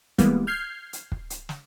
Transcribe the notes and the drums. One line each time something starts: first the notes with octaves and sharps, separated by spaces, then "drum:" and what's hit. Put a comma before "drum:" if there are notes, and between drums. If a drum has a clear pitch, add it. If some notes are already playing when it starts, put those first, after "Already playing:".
E3 G3 G#3 A#3 B3, drum: kick, hi-hat
F6 G6 G#6 C7
drum: hi-hat
drum: kick
drum: hi-hat
drum: snare